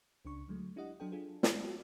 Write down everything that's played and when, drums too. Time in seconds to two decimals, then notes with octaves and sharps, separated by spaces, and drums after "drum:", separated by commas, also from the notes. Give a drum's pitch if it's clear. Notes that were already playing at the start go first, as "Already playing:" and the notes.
0.25 C#2 C#3 D4 C#6
0.48 D3 F#3 G#3 A3
0.76 D4 E4 G4 D#5 F#5
1.00 F#3 D4 A4 G5
1.12 D4 F4 G#4 A4
1.43 drum: snare
1.63 G#3 F4 F#4